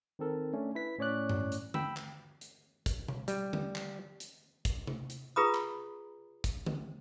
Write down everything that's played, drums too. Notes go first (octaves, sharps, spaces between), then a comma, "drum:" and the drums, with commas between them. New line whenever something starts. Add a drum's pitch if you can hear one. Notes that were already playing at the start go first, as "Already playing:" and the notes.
D#3 C4 A4 A#4
A3 C#4 D4
E4 B4 B6
A2 C#4 C#5 D5 D6 F#6
drum: tom G2
drum: hi-hat
G5 B5 E6, drum: tom D3
drum: clap
drum: hi-hat
drum: kick, hi-hat
drum: tom B2
G3, drum: hi-hat
drum: tom D3
drum: clap
drum: hi-hat
drum: kick, hi-hat
drum: tom C3
drum: hi-hat
F4 G#4 B4 A#5 B5 D#6
drum: clap
drum: kick, hi-hat
drum: tom D3